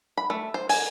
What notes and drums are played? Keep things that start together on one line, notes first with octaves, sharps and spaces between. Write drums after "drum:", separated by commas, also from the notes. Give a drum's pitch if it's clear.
B5
A3
C5
G#5, drum: open hi-hat